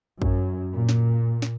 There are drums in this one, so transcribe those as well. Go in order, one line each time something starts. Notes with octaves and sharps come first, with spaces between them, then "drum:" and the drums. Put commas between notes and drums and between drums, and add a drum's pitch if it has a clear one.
F#2, drum: kick
A#2
drum: snare
drum: snare